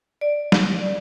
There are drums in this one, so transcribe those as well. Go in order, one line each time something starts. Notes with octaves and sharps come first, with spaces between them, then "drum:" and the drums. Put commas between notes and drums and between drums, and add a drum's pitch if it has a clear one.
D5
drum: snare